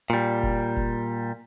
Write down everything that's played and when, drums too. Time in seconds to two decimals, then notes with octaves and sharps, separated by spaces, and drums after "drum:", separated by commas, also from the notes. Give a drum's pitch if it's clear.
0.10 A#2 G3
0.43 drum: kick F1
0.76 drum: kick F1